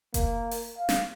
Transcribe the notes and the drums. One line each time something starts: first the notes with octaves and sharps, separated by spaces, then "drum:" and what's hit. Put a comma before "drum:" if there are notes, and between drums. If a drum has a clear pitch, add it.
A#3, drum: kick F1, hi-hat
drum: open hi-hat
F5
drum: snare